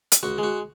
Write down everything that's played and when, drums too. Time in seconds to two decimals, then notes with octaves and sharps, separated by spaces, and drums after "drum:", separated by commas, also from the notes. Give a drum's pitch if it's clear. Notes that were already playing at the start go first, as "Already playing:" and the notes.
0.12 drum: hi-hat
0.23 C#2 F#4
0.38 G#3
0.43 F#4